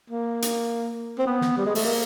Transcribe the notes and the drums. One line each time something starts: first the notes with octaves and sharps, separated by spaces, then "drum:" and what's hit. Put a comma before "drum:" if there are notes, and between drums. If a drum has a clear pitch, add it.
A#3
drum: hi-hat
C4
B3
drum: snare
G3
G#3
A3, drum: open hi-hat
A#3